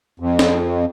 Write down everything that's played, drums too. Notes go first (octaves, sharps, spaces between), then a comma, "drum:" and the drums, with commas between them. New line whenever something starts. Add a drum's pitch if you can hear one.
F2
drum: snare